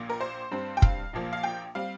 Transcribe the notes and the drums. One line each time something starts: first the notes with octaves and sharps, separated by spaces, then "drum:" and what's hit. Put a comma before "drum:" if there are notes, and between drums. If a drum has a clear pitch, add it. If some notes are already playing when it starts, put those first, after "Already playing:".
Already playing: A#1 A#2 A#3
A#4
C5
G2 G3 C4
G5
F5, drum: kick
A#1 A#2 F3 A#3
F5
G5
G3 C4 F5